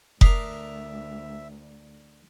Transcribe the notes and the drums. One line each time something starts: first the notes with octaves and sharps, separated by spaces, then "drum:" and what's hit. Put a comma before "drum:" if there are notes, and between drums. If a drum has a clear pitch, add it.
D2 D4 A#4 E5 D#6 B6 C7, drum: kick F1